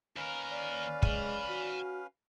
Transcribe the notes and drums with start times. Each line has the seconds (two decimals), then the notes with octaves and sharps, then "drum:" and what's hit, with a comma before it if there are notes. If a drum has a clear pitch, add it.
0.16 D#2 C#4 A#4 B4 F5
0.50 D5
1.02 G#3 G#5 B5, drum: kick
1.49 F#4